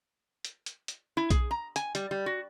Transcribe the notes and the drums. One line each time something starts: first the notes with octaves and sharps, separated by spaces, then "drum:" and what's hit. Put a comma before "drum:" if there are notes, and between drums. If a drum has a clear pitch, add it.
drum: hi-hat
drum: hi-hat
drum: hi-hat
E4
G#4, drum: kick B1, hi-hat
A#5
G#5, drum: hi-hat
G3, drum: hi-hat
G3
F#4